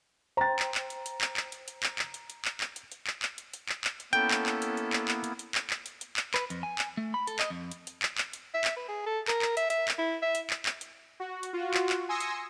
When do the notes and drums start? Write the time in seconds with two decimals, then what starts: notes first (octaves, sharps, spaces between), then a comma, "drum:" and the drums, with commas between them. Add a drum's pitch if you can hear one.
0.37 C5 G5 A#5 A6
0.59 drum: clap
0.75 drum: clap
0.90 drum: hi-hat
1.06 drum: hi-hat
1.21 drum: clap
1.37 drum: clap
1.52 drum: hi-hat
1.68 drum: hi-hat
1.83 drum: clap
1.99 drum: clap
2.14 drum: hi-hat
2.30 drum: hi-hat
2.45 drum: clap
2.61 drum: clap
2.76 drum: hi-hat
2.92 drum: hi-hat
3.07 drum: clap
3.23 drum: clap
3.38 drum: hi-hat
3.53 drum: hi-hat
3.69 drum: clap
3.84 drum: clap
4.00 drum: hi-hat
4.13 A#3 B3 C#4 E4 A4 G5, drum: hi-hat
4.31 drum: clap
4.46 drum: clap
4.62 drum: hi-hat
4.77 drum: hi-hat
4.93 drum: clap
5.08 drum: clap
5.24 drum: hi-hat
5.39 drum: hi-hat
5.55 drum: clap
5.70 drum: clap
5.86 drum: hi-hat
6.01 drum: hi-hat
6.17 drum: clap
6.34 B4, drum: clap
6.50 F2, drum: hi-hat
6.63 G#5
6.79 drum: clap
6.97 A3
7.14 B5
7.27 A4, drum: hi-hat
7.39 D#5, drum: clap
7.50 F2
7.71 drum: hi-hat
7.87 drum: hi-hat
8.02 drum: clap
8.18 drum: clap
8.33 drum: hi-hat
8.54 E5
8.64 drum: clap
8.77 B4
8.88 G#4
9.06 A4
9.28 A#4, drum: clap
9.42 drum: clap
9.57 E5, drum: hi-hat
9.70 E5, drum: hi-hat
9.88 drum: clap
9.98 E4
10.22 E5
10.35 drum: hi-hat
10.50 drum: clap
10.66 drum: clap
10.81 drum: hi-hat
11.20 F#4
11.43 drum: hi-hat
11.53 F4 F#4
11.74 drum: clap
11.90 drum: clap
12.09 G#5 C6 D#6 E6 A#6 C#7
12.20 drum: hi-hat